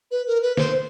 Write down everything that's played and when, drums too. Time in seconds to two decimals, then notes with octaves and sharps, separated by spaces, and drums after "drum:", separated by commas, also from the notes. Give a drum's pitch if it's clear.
0.11 B4
0.27 A#4
0.42 B4
0.57 C5, drum: snare